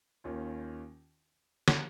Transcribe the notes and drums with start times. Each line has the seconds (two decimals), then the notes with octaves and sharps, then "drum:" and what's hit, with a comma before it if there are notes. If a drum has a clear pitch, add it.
0.24 D#2 D#3 C#4 F4
1.68 drum: snare